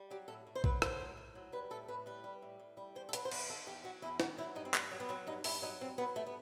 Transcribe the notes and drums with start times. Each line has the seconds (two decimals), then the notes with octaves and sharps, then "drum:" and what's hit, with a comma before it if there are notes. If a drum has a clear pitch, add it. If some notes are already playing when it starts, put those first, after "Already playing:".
Already playing: G3
0.11 F#3 G4
0.28 A2 A4
0.47 A2
0.55 C5
0.64 F#3 B4, drum: kick A#1
0.82 F#3 C5, drum: rim click
1.00 A2
1.17 A2
1.35 F#3
1.52 G3 B4
1.70 A2 A4
1.88 A2 B4
2.06 G3 B4
2.24 G3
2.42 A2
2.60 A2
2.77 G3
2.95 E2 C5
3.09 A4
3.13 F#3 B4, drum: hi-hat
3.25 C5
3.31 E2 B4, drum: cymbal
3.49 D#3 A4
3.67 E2 G4
3.84 F#3 F#4
4.02 E2 E4
4.20 D#3 F#4, drum: snare
4.38 F#3 E4
4.55 G2 D#4
4.65 C4
4.74 G2 B3, drum: clap
4.91 F#3
5.00 B3
5.09 F#3 C4
5.27 G2 D#4
5.44 G2 E4, drum: open hi-hat
5.62 F#3 D#4
5.81 G2 C4
5.98 F#3 B3
6.15 G2 A3
6.27 B3